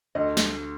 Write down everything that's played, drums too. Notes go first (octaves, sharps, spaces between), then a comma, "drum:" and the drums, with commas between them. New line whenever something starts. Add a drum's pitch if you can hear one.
D2 D#5
drum: snare